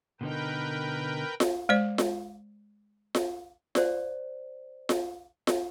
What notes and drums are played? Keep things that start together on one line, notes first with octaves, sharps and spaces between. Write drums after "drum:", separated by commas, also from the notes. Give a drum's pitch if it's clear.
B2 D3 D#4 A#4 B4 G5
drum: snare F4
G#3 C5 D5
drum: snare F4
drum: snare F4
C5 D5, drum: snare F4
drum: snare F4
drum: snare F4